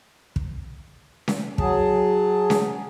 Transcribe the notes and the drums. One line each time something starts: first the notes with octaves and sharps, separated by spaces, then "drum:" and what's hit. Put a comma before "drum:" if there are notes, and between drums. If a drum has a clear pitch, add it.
drum: kick
drum: snare C#4
F#3 G#4 A5, drum: kick
drum: snare C#4